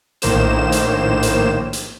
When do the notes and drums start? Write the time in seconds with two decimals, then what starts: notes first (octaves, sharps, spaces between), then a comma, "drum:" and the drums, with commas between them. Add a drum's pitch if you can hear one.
0.22 A#1 A2 D#3 A#3 C5 E7, drum: hi-hat
0.72 drum: hi-hat
1.23 drum: hi-hat
1.73 drum: hi-hat